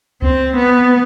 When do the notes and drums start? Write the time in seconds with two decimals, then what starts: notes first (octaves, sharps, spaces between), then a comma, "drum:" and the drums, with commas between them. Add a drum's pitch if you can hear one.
0.22 C4, drum: kick C#2
0.57 B3